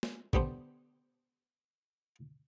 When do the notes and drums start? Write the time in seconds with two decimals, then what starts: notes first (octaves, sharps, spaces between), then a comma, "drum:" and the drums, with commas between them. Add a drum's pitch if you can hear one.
0.03 drum: snare A#3
0.33 D3 G3 B3 D4 C5, drum: kick